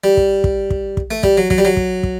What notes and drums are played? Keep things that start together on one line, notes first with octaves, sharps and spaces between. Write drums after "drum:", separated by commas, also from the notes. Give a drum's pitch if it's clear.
G3
drum: kick
drum: kick
drum: kick
drum: kick
A3
G3, drum: kick
F#3
F#3, drum: kick
G3
F#3
drum: kick
drum: kick